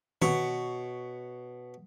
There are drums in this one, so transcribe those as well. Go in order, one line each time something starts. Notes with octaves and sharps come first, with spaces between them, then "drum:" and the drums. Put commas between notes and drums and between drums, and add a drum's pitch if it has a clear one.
B2 C#5 C#6, drum: tom D#3